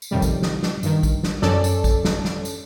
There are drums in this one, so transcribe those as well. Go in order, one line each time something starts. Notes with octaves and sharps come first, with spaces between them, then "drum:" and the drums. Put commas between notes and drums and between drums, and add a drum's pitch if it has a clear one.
drum: tambourine
F2 A2 C3 D#3 G3
drum: kick, tambourine
drum: snare
drum: snare
G2 D#3, drum: tambourine
drum: kick, tambourine
drum: snare
F#2 C#4 A4 D5, drum: snare
drum: tambourine
drum: kick, tambourine
drum: snare
drum: snare
drum: tambourine